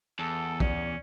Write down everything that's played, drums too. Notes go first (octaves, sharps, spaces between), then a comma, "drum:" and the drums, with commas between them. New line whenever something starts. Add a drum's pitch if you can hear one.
E2 A4 A5
C#4 D5, drum: kick A#1